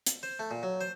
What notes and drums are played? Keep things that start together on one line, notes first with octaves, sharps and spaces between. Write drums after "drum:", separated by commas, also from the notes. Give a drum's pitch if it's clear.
drum: hi-hat
C5
A3
A#2
F#3
C5